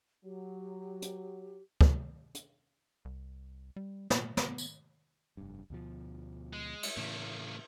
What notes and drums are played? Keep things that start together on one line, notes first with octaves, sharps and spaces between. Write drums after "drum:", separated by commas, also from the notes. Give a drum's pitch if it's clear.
F#3 G4
drum: hi-hat
drum: kick
drum: hi-hat
C2
G3
A#2, drum: snare
B3, drum: snare
drum: tambourine
F1 G2
D2 B2 F3
G#3
drum: cymbal
A2 C#3 E3 A3 A#3